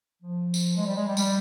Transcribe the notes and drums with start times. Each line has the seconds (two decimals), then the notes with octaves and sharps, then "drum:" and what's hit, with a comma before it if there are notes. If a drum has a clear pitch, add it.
0.22 F3
0.54 drum: tambourine
0.76 G#3
0.85 G3
0.96 G#3
1.06 G3
1.17 G3, drum: tambourine